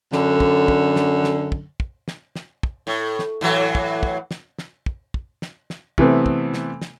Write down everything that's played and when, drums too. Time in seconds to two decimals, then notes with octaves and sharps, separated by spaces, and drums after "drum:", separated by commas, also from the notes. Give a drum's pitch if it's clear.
0.13 F#2 D3, drum: snare
0.40 drum: kick
0.68 drum: kick
0.96 drum: snare
1.24 drum: snare
1.52 drum: kick
1.80 drum: kick
2.08 drum: snare
2.36 drum: snare
2.63 drum: kick
2.87 A2
3.19 drum: snare
3.41 A2 E3 F#3
3.75 drum: kick
4.03 drum: kick
4.31 drum: snare
4.59 drum: snare
4.86 drum: kick
5.14 drum: kick
5.42 drum: snare
5.70 drum: snare
5.98 C3 E3 A3 B3 C4, drum: kick
6.26 drum: kick
6.54 drum: snare
6.82 drum: snare